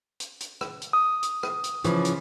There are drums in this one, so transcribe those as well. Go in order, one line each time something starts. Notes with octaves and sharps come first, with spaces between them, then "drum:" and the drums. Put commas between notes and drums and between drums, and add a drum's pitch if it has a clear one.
drum: hi-hat
drum: hi-hat
drum: rim click
drum: hi-hat
D#6
drum: hi-hat
drum: rim click
drum: hi-hat
C#3 E3 F3, drum: hi-hat
drum: hi-hat